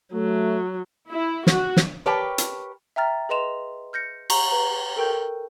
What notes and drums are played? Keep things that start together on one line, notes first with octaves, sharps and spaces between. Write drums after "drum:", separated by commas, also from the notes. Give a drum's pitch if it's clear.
F#3 A3
E4
F#4, drum: snare
drum: snare
G4 A#4 B4 C#5 G5 A5
drum: hi-hat
E5 G5 A#5 F6 A6
G#4 B4 D#5 C6 E7 F7
F6 G6 A#6 C#7
A#5 C#6, drum: cymbal
B4 A#5
A4 A#4 G5 C#6 G6